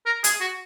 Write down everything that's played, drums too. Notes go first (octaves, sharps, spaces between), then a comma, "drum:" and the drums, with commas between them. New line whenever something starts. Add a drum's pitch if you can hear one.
A#4
G#4, drum: hi-hat
F#4